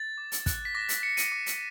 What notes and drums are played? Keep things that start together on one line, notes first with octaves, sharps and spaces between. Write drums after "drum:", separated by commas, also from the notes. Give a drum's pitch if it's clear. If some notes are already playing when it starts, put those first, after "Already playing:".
Already playing: A6
D6
drum: hi-hat
F#6, drum: kick, hi-hat
B6
D6 A#6
B6, drum: hi-hat
F#6 C#7
D#7, drum: hi-hat
D6
drum: hi-hat